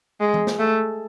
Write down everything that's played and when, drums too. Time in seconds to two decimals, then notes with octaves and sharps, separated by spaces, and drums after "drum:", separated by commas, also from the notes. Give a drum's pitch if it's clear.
0.21 G#3
0.34 drum: tom E3
0.47 drum: snare
0.59 A3